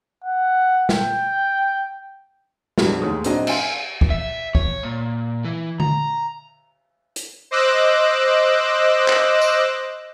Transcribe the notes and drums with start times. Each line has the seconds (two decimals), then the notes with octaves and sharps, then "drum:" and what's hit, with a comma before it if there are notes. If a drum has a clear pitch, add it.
0.24 F#5
0.89 G5, drum: snare
2.78 F2 B2 D3 F#3 G3, drum: snare
3.02 D#2 D#3 G#3 A3 C#5 D#6
3.24 A#1 F#3 C4 D4 D#4 D#5, drum: hi-hat
3.47 E5 F5 G#5 C6, drum: cymbal
4.01 drum: kick
4.10 E5
4.55 C#5, drum: kick
4.83 A#2
5.45 E3
5.80 A#5, drum: tom D3
7.16 drum: hi-hat
7.51 C5 D#5 D6 E6 F#6
9.08 drum: clap
9.41 drum: tambourine